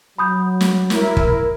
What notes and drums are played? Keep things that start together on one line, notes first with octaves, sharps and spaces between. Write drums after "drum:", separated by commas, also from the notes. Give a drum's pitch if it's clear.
F#3 B5 D#6 G6
drum: snare
E4 A#4, drum: snare
drum: kick